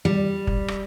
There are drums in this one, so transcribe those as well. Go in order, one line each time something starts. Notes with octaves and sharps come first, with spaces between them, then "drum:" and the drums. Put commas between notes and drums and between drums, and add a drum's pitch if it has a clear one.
G3
drum: kick
drum: rim click